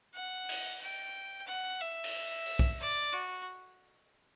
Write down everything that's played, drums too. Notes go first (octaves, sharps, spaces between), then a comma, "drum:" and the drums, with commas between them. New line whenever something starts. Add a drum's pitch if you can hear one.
F#5
drum: cymbal
G5
F#5
E5
drum: cymbal
drum: open hi-hat
drum: kick B1
D5
F#4